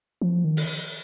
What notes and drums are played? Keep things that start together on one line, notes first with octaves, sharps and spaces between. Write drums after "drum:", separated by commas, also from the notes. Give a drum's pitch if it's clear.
F3
D#3
drum: open hi-hat